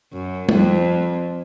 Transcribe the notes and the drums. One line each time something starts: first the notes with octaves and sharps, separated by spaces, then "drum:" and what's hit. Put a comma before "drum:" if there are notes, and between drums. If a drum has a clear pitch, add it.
F#2
F2, drum: tom G3